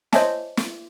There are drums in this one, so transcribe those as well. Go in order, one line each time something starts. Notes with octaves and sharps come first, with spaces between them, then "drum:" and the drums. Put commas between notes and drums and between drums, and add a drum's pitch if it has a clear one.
C5 C#5 D#5 E5 G#5 A5, drum: snare
drum: snare